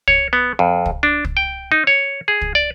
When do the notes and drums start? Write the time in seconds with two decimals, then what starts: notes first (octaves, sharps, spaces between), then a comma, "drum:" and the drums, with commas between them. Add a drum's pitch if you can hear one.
0.08 C#5, drum: kick
0.33 B3
0.59 F2
0.86 drum: kick
1.03 D4
1.25 drum: kick
1.37 G5
1.72 D#4
1.87 C#5
2.28 G#4
2.41 drum: kick
2.55 D5